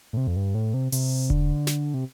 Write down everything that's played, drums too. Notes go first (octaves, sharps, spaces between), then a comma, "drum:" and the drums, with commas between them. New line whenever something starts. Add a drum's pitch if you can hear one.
A2
C3
F2
G2
A2
C3
C3, drum: open hi-hat
D3, drum: kick E1
drum: snare
C3